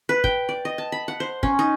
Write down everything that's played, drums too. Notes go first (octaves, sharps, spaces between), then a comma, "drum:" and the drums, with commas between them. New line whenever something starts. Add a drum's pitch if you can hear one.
B4
G5, drum: kick
D5
D#5
A5
B5
F#5
C5
C#4, drum: kick
D#4